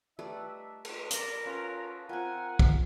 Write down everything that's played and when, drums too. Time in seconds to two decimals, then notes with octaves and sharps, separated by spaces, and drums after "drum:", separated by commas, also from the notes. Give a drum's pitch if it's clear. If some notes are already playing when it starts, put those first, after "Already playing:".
0.19 G3 A3 D4 D#4 B4 E5
0.85 drum: cymbal
1.11 A#4 D5, drum: hi-hat
1.45 C#4 F4 F#4 A4 B4
2.09 C4 F4 A#4 F#5 G#5
2.59 drum: kick